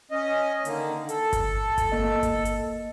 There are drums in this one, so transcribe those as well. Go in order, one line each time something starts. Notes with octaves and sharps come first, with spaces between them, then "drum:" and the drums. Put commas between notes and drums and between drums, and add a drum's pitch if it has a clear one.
C#4 D#5
D3 D#3 A#3, drum: hi-hat
A4, drum: hi-hat
drum: kick G1, hi-hat
drum: kick G1, hi-hat
A#3 D#5
drum: kick G1, hi-hat
drum: hi-hat